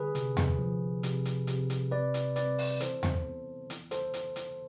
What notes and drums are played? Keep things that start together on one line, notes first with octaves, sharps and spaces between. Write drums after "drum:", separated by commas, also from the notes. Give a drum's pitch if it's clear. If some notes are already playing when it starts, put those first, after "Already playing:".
Already playing: D3 G#4 B4
C3, drum: hi-hat
drum: tom E2
F3
C3, drum: hi-hat
drum: hi-hat
C3, drum: hi-hat
drum: hi-hat
C4 B4 D5
drum: hi-hat
C4 B4 D5, drum: hi-hat
drum: open hi-hat
E3 A4 C5, drum: hi-hat
drum: tom E2
B3
E3, drum: hi-hat
A4 C5, drum: hi-hat
drum: hi-hat
drum: hi-hat